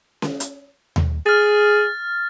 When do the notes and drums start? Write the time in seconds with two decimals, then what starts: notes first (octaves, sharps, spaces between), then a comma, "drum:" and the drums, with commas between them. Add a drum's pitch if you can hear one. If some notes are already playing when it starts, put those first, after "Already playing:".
0.22 drum: snare C#4
0.40 drum: hi-hat
0.96 drum: tom D#2
1.26 G#4 F6 A6